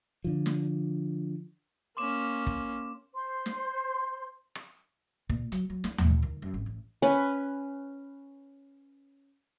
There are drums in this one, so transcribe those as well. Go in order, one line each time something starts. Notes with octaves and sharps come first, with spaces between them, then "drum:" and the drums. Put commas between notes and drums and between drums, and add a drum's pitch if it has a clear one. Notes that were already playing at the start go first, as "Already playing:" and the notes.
D3 F3
drum: snare
A#3 C#4 C6 D6 E7
drum: kick
C5 C6
drum: snare
drum: rim click
A#2, drum: kick
F#3, drum: hi-hat
F#3
E4, drum: snare
A2, drum: tom D#2
E4
D#3
F#2
G#1
A1
C#4 B4